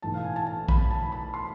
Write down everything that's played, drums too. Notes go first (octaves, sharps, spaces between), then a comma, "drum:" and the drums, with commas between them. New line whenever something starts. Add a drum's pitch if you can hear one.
B1 A2 E3 A5
F5
G#5
A5
A5
B5, drum: kick
A5
B5
C6